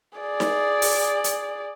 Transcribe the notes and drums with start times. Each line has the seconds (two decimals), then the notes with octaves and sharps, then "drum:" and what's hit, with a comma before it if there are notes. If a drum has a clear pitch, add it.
0.19 G#4 D5
0.40 drum: snare D#4
0.82 drum: open hi-hat
1.24 drum: hi-hat